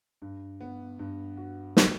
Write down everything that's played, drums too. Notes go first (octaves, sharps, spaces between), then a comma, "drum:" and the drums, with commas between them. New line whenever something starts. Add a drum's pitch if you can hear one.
G2
B3
G2
F#4
F#3, drum: snare